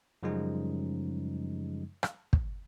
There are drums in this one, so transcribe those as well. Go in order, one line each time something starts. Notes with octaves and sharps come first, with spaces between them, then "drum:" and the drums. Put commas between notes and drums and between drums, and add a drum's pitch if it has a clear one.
F#2 C#3 F3 G3 G#3 D#4
drum: rim click
drum: kick